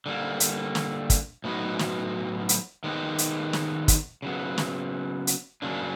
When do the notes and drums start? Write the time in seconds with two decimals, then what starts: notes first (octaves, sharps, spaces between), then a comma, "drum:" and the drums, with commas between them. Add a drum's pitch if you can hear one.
0.06 D3 G3 A#3
0.40 drum: hi-hat
0.75 drum: snare
1.10 drum: kick, hi-hat
1.44 A2 F#3 B3 D#4 F#4
1.79 drum: snare
2.49 drum: hi-hat
2.84 D#3 G#3 B3 D#4 G4
3.18 drum: hi-hat
3.53 drum: snare
3.88 drum: kick, hi-hat
4.22 C#3 F#3 B3
4.58 drum: snare
5.27 drum: hi-hat
5.62 C#3 F#3 A#3 D4